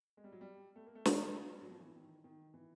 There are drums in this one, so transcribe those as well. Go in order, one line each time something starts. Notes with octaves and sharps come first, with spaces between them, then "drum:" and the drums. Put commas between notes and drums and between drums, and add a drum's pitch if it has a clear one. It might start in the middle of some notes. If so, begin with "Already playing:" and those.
G#3
G3
F#3
G3
A3
A#3
A3
A#3, drum: snare
G3
F#3
F3
E3
D#3
D#3
E3